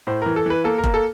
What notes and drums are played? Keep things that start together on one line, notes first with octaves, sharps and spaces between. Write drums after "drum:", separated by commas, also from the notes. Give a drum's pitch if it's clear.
A2 C5
E3 A#4
A4
E3 B4
A#3 A4
A#4
A#3, drum: kick F1
A4